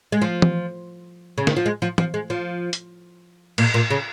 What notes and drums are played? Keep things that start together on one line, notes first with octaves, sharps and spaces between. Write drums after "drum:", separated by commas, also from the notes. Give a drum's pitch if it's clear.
G#3
F3
drum: tom
C#3
D#3, drum: snare
F3
G#3
F3
F3, drum: tom
G#3
F3
drum: hi-hat
A#2, drum: cymbal
A#2
C#3